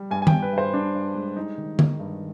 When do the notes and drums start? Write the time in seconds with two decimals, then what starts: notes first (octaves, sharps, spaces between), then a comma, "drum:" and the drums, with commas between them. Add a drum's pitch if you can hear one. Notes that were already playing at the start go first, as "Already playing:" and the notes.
Already playing: G3
0.11 G2 G#5
0.22 G#5
0.27 G2 G5, drum: tom D#3
0.42 B4
0.53 G2 C5
0.74 G2 D4
0.95 G2
1.15 G#3
1.36 G3 D#4
1.58 D#3
1.79 D#3, drum: tom D3
2.00 G2